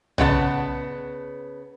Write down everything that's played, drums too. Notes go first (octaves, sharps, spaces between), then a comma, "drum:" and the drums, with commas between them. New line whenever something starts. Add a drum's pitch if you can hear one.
C#3 B3 D#4 A5, drum: tom B1